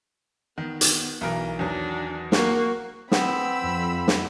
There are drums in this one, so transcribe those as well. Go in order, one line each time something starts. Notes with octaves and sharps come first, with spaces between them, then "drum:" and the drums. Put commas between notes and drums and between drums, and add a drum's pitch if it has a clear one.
D#3 B3
drum: hi-hat
B1 E3 A#4
E2 D#3 F#3 D4
A#3 F#4, drum: snare
B3 C4 G5 B5 E6, drum: snare
F2
drum: snare